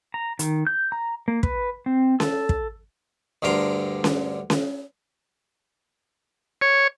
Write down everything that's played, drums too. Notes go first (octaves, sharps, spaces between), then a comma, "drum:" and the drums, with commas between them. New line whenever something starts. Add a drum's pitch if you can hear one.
A#5
D#3, drum: hi-hat
G6
A#5
A#3
B4, drum: kick
C4
A4, drum: snare C#4
drum: kick
D2 G2 D3 A#4 A#5 C6
drum: snare C#4
drum: snare C#4
C#5